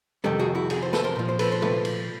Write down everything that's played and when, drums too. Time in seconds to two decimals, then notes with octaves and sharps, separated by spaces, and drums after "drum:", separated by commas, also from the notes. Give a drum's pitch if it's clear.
0.24 F2 C3 D#3 G4 A4, drum: tom G3
0.39 F#4 G#4
0.55 E4 F#4
0.70 F#4 G#4, drum: cymbal
0.82 C5
0.93 A4 B4, drum: snare
1.04 A#4 C5
1.16 A#2 F3
1.29 C5
1.39 A4 B4, drum: cymbal
1.52 C5
1.62 A4 B4, drum: tom C3
1.85 drum: cymbal